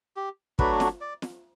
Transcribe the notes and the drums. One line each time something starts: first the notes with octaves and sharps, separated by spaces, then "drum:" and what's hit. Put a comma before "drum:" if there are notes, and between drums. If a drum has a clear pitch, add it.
G4
F#3 A3 D4 F#4 B4, drum: kick
drum: snare
D5
drum: snare